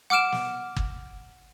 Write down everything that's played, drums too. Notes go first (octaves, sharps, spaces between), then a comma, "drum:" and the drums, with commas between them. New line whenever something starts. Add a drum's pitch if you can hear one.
F#5 D6 F6 D7 E7
drum: snare
drum: kick